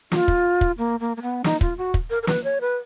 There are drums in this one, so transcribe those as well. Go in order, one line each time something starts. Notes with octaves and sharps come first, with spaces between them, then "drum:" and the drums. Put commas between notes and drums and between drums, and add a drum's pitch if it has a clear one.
F4, drum: snare
drum: kick
drum: kick
A#3
A#3
A#3
B3
D#4, drum: snare
F4, drum: kick
F#4
drum: kick
A#4
A#4
B4, drum: snare
C#5
B4